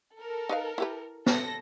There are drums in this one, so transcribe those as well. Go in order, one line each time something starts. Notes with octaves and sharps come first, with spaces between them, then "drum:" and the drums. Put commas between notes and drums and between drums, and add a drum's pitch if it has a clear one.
A4 A#4
D#4 B4 F5
E4 G4 B4
A4 A#6, drum: snare